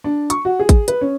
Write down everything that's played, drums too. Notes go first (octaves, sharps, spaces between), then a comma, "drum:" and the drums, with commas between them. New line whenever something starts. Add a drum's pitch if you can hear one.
D4
C#6, drum: hi-hat
F#4
G#4
drum: kick, hi-hat
B4, drum: hi-hat
C#4